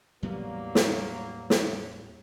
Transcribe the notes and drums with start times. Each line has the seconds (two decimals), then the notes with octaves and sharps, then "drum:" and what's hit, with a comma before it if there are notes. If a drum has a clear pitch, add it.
0.23 E2 A2 F#3 G3 A#3 B3
0.75 drum: snare
1.50 drum: snare